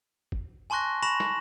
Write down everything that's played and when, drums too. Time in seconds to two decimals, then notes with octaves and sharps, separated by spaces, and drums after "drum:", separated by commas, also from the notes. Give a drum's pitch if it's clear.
0.32 drum: kick
0.70 G#5 A5 C6 C#6 F#6 A#6
1.03 B5 C#6 A#6 E7 F#7
1.20 drum: snare